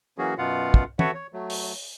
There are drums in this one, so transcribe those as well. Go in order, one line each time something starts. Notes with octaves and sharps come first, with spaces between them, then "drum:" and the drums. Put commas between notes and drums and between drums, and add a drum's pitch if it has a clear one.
E3 F#3 A#3 C#4 F#4 G#4
F#2 B2 B3 F4 F5 F#5
drum: kick
F#4 A4 B4 C#5 E5 F#5, drum: tom
C#5
F#3 A3
drum: open hi-hat